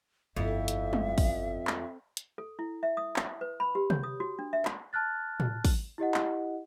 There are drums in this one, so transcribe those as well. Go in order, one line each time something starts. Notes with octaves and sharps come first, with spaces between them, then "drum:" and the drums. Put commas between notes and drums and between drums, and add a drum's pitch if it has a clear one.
G1 F2 E4 E5
drum: hi-hat
drum: tom G3
drum: kick, open hi-hat
drum: clap
drum: hi-hat
A4
E4
E5
D#6
drum: clap
B4
B5
G4
C#5, drum: tom C3
D#6
F#4
D4
E5
drum: clap
A5 F6 F#6 A6
drum: tom A2
drum: kick, open hi-hat
E4 G4 D#5 F#5
drum: clap